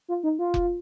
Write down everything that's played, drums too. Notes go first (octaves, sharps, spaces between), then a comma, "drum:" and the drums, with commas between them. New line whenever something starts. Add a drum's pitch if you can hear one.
F4
D#4
F4
drum: kick F1